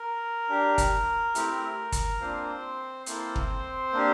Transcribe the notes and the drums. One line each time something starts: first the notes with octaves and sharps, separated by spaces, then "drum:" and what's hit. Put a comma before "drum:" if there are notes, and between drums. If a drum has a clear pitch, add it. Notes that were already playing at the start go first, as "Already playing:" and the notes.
Already playing: A#4
D4 G4
drum: kick, hi-hat
A3 C4 E4 G4, drum: hi-hat
drum: kick, hi-hat
A#3 C4 D4 F4 C5
A#3 C4 E4 A4 C5, drum: hi-hat
drum: kick
A#3 D4 G4